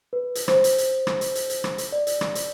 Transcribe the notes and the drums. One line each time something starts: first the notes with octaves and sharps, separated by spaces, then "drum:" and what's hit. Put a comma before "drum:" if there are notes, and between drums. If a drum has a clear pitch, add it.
B4
drum: hi-hat
C5, drum: rim click
drum: hi-hat
drum: hi-hat
drum: rim click
drum: hi-hat
drum: hi-hat
drum: hi-hat
drum: rim click
drum: hi-hat
D5
drum: hi-hat
drum: rim click
drum: hi-hat